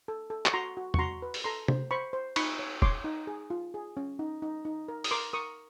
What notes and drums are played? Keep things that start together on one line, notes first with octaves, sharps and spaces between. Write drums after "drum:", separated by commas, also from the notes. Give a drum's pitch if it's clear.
A4
A4
C#6, drum: clap
F#4 A#5 C6
F#4
C#6, drum: tom
F#4 A#5 C6
B4
drum: open hi-hat
A4 A#5 C6
C5, drum: tom C3
C5 B5 C#6
C5
D#4 B5 C#6, drum: cymbal
C#5
C#5 C6 D6, drum: kick
D#4
G#4
F4
G#4
C#4
D#4
D#4
D#4
A#4
D#6, drum: open hi-hat
A#4 C6 D6
A#4 C#6 D#6